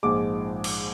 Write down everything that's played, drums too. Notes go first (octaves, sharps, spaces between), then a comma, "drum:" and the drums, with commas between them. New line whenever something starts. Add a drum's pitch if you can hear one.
A#1 G#2 F3 G#3 D6
drum: cymbal